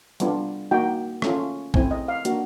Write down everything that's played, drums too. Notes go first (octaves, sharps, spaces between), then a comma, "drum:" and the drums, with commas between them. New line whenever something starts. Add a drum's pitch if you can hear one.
G3 B3 D4 F4, drum: hi-hat
A#3 D#4 F#4 G5
A3 C#4 F4, drum: rim click
A3 C4 E4 G#5, drum: kick A#1
D#5
F5
A#3 D4 F#4, drum: hi-hat